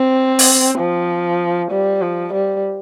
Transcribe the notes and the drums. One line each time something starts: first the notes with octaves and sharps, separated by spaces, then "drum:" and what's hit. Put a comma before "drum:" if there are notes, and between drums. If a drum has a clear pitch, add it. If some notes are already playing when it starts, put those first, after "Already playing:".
Already playing: C4
drum: open hi-hat
F3
G3
F3
G3